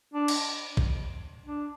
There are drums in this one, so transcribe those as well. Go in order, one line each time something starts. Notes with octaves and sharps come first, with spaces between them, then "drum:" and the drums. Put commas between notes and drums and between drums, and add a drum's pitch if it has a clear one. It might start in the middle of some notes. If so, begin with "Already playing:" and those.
D4
drum: cymbal
drum: kick
D4